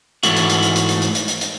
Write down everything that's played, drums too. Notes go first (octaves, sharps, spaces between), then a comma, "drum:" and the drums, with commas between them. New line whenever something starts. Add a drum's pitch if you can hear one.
G#2 E3 A3 F#4, drum: hi-hat
drum: hi-hat
drum: hi-hat
drum: hi-hat
drum: hi-hat
drum: hi-hat
drum: hi-hat
drum: hi-hat
drum: hi-hat
drum: hi-hat